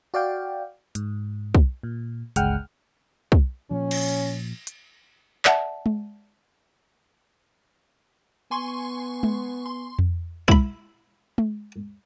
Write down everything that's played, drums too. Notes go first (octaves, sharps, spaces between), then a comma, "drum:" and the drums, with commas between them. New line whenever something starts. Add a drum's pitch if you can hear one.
F#4 D5 F5 G5
G#2, drum: hi-hat
drum: kick
A#2
G1 C#2 G#3 F#5 G5 F6, drum: hi-hat
drum: kick
A#2 F3 C#4
drum: cymbal
drum: hi-hat
D5 E5 F#5 A5, drum: clap
drum: tom G#3
B3 G#5 C6 C#6
drum: tom G#3
C6
drum: tom F2
E4 B5, drum: kick
drum: tom G#3